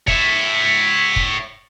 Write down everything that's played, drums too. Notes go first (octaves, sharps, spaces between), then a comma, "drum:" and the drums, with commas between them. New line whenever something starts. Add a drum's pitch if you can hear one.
C#5 E5 B6, drum: kick
drum: kick